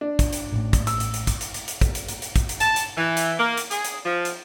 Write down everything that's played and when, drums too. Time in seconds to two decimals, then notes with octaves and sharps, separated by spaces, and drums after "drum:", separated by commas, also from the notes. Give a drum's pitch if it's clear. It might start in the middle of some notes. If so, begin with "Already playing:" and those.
0.01 D4
0.19 drum: kick, hi-hat
0.33 drum: hi-hat
0.52 A1 A2
0.73 drum: kick, hi-hat
0.87 E6, drum: hi-hat
1.00 drum: hi-hat
1.14 drum: hi-hat
1.27 drum: kick, hi-hat
1.41 drum: hi-hat
1.54 drum: hi-hat
1.68 drum: hi-hat
1.81 drum: kick, hi-hat
1.95 drum: hi-hat
2.09 drum: hi-hat
2.22 drum: hi-hat
2.36 drum: kick, hi-hat
2.49 drum: hi-hat
2.60 A5, drum: hi-hat
2.76 drum: hi-hat
2.97 E3
3.17 drum: hi-hat
3.39 A#3
3.57 drum: hi-hat
3.71 G#4, drum: hi-hat
3.84 drum: hi-hat
4.06 F3
4.25 drum: hi-hat